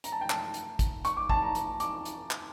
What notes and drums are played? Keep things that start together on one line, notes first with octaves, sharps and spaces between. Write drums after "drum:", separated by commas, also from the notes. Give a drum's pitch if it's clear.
A#5, drum: hi-hat
A5
G5
A5, drum: clap
drum: hi-hat
drum: kick, hi-hat
C#6, drum: hi-hat
D6
A5, drum: kick
A#5
drum: hi-hat
D6, drum: hi-hat
drum: hi-hat
drum: clap